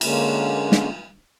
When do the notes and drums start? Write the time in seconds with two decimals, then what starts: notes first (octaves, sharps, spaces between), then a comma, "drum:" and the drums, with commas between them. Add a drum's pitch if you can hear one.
0.01 D3 G#3 A#3 C#4, drum: cymbal
0.72 drum: snare